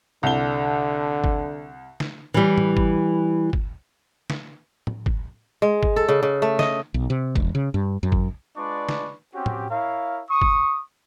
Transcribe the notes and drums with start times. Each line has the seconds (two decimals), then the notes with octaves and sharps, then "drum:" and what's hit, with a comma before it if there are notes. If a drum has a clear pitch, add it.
0.23 C2 D3 G7
1.24 drum: kick G1
2.00 drum: snare
2.34 E3 G3
2.58 drum: tom A2
2.77 drum: kick G1
3.53 drum: kick G1
4.30 drum: snare
4.87 drum: tom A2
5.06 drum: kick G1
5.62 G#3
5.83 drum: kick G1
5.96 A4
6.08 C#3
6.23 C#3
6.42 A3
6.59 D#5, drum: snare
6.94 B1
7.10 C3
7.36 E1, drum: kick G1
7.55 C#3
7.74 G2
8.03 F#2
8.12 drum: kick G1
8.56 G#3 D4 F4 B4 D5 C#6
8.89 drum: snare
9.34 C4 C#4 F#4 G4
9.46 drum: tom A2
9.70 E4 A#4 C#5 F5
10.29 C#6 D#6
10.42 drum: kick G1